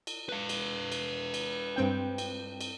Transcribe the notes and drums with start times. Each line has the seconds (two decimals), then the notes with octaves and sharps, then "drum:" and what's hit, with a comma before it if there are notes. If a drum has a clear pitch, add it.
0.07 drum: cymbal
0.29 B4 F5
0.49 drum: cymbal
0.92 drum: cymbal
1.34 drum: cymbal
1.76 G2 C4 G5
2.18 drum: cymbal
2.61 drum: cymbal